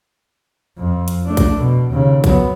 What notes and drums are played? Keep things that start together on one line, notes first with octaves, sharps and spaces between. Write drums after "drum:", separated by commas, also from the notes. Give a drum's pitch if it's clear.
F2
drum: hi-hat
A3 D4
drum: kick A#1, hi-hat
B2
D#2 C#3
F#3 B3, drum: kick A#1, hi-hat